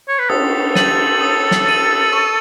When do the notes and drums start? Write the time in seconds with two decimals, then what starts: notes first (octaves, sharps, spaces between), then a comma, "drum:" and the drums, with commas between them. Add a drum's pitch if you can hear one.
0.08 C#5
0.19 B4
0.30 A4 D#6, drum: cymbal
0.75 A6 D#7 F#7, drum: snare
1.21 D#6
1.51 drum: snare
1.67 A6 D#7 F#7
2.13 C#6